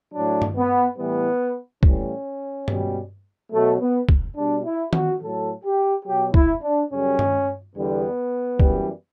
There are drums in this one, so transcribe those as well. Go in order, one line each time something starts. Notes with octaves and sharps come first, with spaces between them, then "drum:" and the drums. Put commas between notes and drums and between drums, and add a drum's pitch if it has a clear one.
A2 F#3 D4
drum: tom G2
B3
A2 E3 G3 B3
A2 E3 G3 C#4, drum: kick
B2 G3, drum: tom G2
B2 F#3 A3
B3
drum: kick
B2 G3 D4
E4
F#4, drum: tom D#3
A2 F#3 A4
G4
B2 F#3 G4
E4, drum: kick
D4
F#2 C#3 G3 C#4
drum: tom G2
E2 D3 G3 B3
F#2 E3 G3, drum: kick